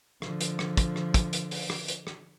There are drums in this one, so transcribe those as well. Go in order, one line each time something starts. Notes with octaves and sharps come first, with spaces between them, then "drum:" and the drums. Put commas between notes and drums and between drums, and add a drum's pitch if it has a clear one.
D3 F3, drum: rim click
drum: hi-hat
drum: rim click
drum: kick, hi-hat
drum: rim click
drum: kick, hi-hat
drum: hi-hat
drum: open hi-hat
drum: rim click
drum: hi-hat
drum: rim click